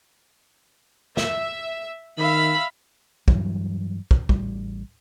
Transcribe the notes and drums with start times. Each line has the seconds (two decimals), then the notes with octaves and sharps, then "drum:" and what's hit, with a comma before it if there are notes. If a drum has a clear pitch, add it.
1.17 E5, drum: snare
2.18 D#3 E5 F5 B5
3.28 G2 E3 F#3 G3, drum: kick
4.11 drum: kick
4.29 A1 G3, drum: kick